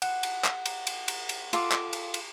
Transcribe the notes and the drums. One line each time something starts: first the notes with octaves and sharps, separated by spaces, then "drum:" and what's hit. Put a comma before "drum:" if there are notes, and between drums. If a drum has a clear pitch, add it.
F#5, drum: cymbal
drum: cymbal
drum: clap
drum: cymbal
drum: cymbal
drum: cymbal
drum: cymbal
F4 A4 D6, drum: cymbal
drum: clap
drum: cymbal
drum: cymbal